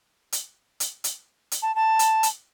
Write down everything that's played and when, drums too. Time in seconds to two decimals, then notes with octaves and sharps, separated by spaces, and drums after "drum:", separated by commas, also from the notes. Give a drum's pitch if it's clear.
0.32 drum: hi-hat
0.80 drum: hi-hat
1.04 drum: hi-hat
1.52 drum: hi-hat
1.62 A5
1.75 A5
1.99 drum: hi-hat
2.23 drum: hi-hat